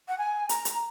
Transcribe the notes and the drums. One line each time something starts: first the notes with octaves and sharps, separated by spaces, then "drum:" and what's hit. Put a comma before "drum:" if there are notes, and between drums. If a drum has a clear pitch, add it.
F#5
G#5
A#5, drum: hi-hat
drum: hi-hat